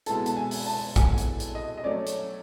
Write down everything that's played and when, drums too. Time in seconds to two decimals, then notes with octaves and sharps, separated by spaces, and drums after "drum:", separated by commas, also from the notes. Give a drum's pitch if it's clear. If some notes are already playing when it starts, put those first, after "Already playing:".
0.06 B2 G#3 B3 E4 A4 A5, drum: hi-hat
0.26 A5, drum: hi-hat
0.36 G#5
0.51 drum: open hi-hat
0.67 A5
0.96 G#5, drum: kick A#1, hi-hat
1.18 drum: hi-hat
1.40 drum: hi-hat
1.55 D#5
1.77 D#5
1.84 F#3 A3 C#4 D5
2.07 drum: hi-hat